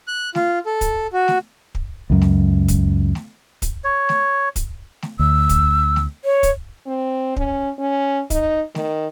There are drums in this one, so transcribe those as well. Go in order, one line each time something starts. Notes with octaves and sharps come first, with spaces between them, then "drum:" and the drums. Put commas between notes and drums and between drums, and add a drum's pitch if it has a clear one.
F#6
F4, drum: snare A3
A4
drum: kick, hi-hat
F#4
drum: snare A3
drum: kick
C#2 F#2
drum: snare A3
drum: kick, hi-hat
drum: snare A3
drum: kick, hi-hat
C#5
drum: snare A3
drum: kick, hi-hat
drum: snare A3
D2 E6
drum: kick, hi-hat
drum: snare A3
C#5
drum: kick, hi-hat
C4
C#4, drum: kick
C#4
D#4, drum: kick, hi-hat
D#3, drum: snare A3